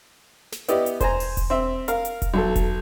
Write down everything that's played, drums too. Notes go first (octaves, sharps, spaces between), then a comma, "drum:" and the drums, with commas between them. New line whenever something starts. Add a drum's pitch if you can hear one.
drum: snare
B3 E4 G4 D5 D#5, drum: hi-hat
drum: hi-hat
C5 G#5 A#5, drum: kick E1, hi-hat
drum: open hi-hat
drum: kick E1, hi-hat
C4 E5
A#4 F5, drum: hi-hat
drum: hi-hat
drum: kick E1, hi-hat
B1 A4
drum: kick E1, hi-hat